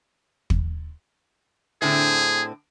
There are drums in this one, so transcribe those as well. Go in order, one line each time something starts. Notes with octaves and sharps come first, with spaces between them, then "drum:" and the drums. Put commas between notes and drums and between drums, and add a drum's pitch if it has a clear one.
drum: kick
A2 D3 C4 G#4